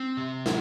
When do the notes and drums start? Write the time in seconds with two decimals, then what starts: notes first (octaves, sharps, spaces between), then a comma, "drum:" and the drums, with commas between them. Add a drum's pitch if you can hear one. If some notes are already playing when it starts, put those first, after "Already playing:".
Already playing: C4
0.17 C3
0.46 F#3, drum: snare